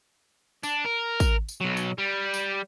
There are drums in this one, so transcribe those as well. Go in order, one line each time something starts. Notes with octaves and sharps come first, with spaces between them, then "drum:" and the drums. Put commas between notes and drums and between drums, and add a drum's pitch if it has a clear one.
D4, drum: tambourine
A#4
drum: kick, tambourine
drum: tambourine
B1 F#3
drum: tambourine
G3
drum: tambourine